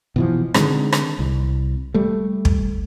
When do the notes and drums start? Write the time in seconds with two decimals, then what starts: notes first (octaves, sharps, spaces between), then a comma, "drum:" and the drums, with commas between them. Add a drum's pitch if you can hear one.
0.16 B2 E3 F3
0.54 D3 D#3 G#3 C4, drum: rim click
0.93 drum: rim click
1.19 C2
1.94 G3 A3
2.45 drum: kick